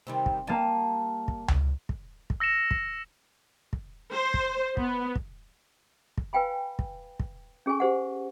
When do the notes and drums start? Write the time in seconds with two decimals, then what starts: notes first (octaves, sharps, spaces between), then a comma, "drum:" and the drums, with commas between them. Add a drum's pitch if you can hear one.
0.07 C3 D#3 G3
0.26 drum: kick
0.47 G3 A#3 A5 D#7
1.28 drum: kick
1.48 drum: tom C#2
1.89 drum: kick
2.30 drum: kick
2.40 E6 A#6 C#7 E7
2.71 drum: kick
3.73 drum: kick
4.14 C5
4.34 drum: kick
4.77 B3, drum: kick
5.16 drum: kick
6.18 drum: kick
6.33 B4 F5 G5 G#5 B5
6.79 drum: kick
7.20 drum: kick
7.66 C#4 G#4 A4 G#5 C#6
7.80 G4 C5 F#5